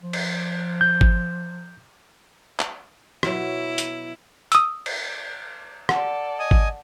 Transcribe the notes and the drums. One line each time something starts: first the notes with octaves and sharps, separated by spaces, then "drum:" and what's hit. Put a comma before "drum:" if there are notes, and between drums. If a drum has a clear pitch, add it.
F3
drum: cymbal
G6
drum: kick G#1
drum: clap
B2 F#3 E4, drum: rim click
drum: hi-hat
D#6 E6, drum: hi-hat
drum: cymbal
A4 D5 F#5, drum: rim click
D#5 G#5 D#6
drum: kick G#1